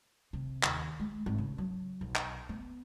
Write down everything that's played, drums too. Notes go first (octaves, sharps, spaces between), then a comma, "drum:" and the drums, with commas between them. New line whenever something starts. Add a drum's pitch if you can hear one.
C3
D#2, drum: clap
G#3
G#1
C#3
F#3
B1
drum: clap
B3